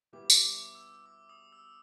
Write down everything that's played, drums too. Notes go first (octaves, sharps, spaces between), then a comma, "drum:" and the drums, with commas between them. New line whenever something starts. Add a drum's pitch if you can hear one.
B2 G3 B3 E4 G4 D6
drum: tambourine
D6
E6
D6
D#6
E6